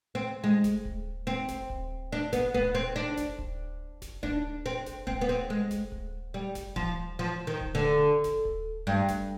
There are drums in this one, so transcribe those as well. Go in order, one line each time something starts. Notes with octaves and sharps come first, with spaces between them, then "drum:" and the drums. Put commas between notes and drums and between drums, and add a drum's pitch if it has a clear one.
C4
G#3
drum: snare F#1
drum: kick D1
C4
drum: snare F#1
drum: kick D1
D4
B3, drum: snare F#1
B3, drum: kick D1
C4
D4
drum: snare F#1
drum: kick D1
drum: snare F#1
D4, drum: kick D1
C4
drum: snare F#1
C4, drum: kick D1
B3
C4
G#3
drum: snare F#1
drum: kick D1
G3
drum: snare F#1
F3, drum: kick D1
F3
D#3
drum: kick D1
D3
drum: snare F#1
drum: kick D1
G2
drum: snare F#1